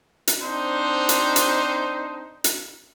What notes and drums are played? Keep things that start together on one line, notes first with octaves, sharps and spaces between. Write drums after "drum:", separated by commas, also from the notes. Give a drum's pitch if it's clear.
drum: hi-hat
C4 D4 D#4 C5
drum: hi-hat
drum: hi-hat
drum: hi-hat